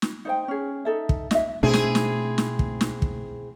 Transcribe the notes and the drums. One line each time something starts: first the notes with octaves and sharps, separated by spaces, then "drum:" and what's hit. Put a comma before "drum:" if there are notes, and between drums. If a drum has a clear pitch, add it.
drum: snare
D#4 C5 G5
C#4 G#4
D#4 A4 E5
drum: kick
D#5 E5, drum: snare
B2 A3 C4 D4 E4 G#4
drum: snare
drum: snare
drum: snare
drum: kick
drum: snare
drum: kick